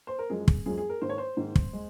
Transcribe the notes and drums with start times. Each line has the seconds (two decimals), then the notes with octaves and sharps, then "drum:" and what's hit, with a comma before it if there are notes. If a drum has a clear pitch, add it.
0.07 C5
0.19 A#4
0.29 F#2 F3 G#3 G#4
0.48 drum: kick
0.66 F#2 F3 G#3 G#4
0.78 G#4
0.89 A#4
1.02 G#2 D#3 A#3 C5
1.10 C#5
1.18 C5
1.37 G#2 D#3 A#3
1.55 drum: kick
1.73 G#3